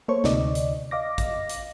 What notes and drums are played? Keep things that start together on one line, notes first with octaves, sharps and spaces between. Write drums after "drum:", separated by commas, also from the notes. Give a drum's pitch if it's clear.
A#3 A4 C5 C#5 C#6
D2 C3 D#4 D5 D#5, drum: snare
drum: hi-hat
D#5 F5 D6 A#6
drum: kick, hi-hat
drum: hi-hat